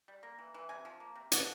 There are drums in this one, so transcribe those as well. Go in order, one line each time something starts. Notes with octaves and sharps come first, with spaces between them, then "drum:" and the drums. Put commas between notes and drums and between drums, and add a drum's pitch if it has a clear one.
G3
A#3
E3
E3
C3 G#5
F3
A#3
C3
F3 F#5, drum: hi-hat